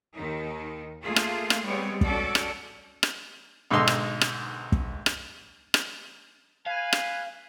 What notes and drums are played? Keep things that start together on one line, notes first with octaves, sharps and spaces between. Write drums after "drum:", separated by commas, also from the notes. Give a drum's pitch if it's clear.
D#2 D#3 D#4
A3 A#3 F4 G#4
drum: rim click
drum: rim click
G3 G#3 B3 C4 C#5
C#4 F#4 A4 D5, drum: kick
drum: rim click
drum: rim click
B1 G#2 D3 D#4 C6 E6
drum: rim click
drum: rim click
drum: kick
drum: rim click
drum: rim click
B4 F5 G#5
drum: rim click